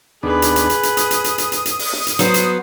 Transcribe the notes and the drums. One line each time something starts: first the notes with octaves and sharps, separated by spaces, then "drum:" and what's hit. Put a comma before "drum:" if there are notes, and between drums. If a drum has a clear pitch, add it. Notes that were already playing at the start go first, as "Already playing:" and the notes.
D#2 B3 D4 G#4 B4
drum: hi-hat
drum: hi-hat
drum: hi-hat
drum: hi-hat
D#6, drum: hi-hat
drum: hi-hat
drum: hi-hat
drum: hi-hat
drum: hi-hat
drum: hi-hat
drum: open hi-hat
drum: snare
drum: hi-hat
F#3 B3 F#4 C5, drum: hi-hat
drum: hi-hat